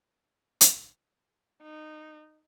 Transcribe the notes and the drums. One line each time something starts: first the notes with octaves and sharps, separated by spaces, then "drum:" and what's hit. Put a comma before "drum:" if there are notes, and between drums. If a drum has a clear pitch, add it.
drum: hi-hat
D#4